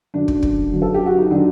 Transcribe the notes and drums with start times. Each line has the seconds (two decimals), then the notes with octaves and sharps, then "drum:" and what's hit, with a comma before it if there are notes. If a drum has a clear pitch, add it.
0.14 F#2 D3 F#3 D4
0.28 drum: kick
0.42 drum: kick
0.72 F#2 D3 F#3
0.82 A4
0.94 G4
1.06 F#4
1.18 D#4
1.31 D3 F#3 D4